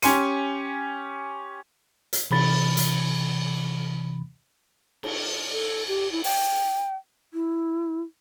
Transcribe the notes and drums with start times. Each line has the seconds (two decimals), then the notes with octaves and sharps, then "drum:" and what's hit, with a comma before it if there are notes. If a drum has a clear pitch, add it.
0.02 C#4 G4 G#5 C6 C#7 D#7, drum: hi-hat
2.13 drum: hi-hat
2.31 C3 E3 B5 A6, drum: cymbal
2.77 drum: hi-hat
5.03 drum: cymbal
5.52 A4
5.88 G4
6.12 E4
6.24 G5, drum: open hi-hat
7.34 E4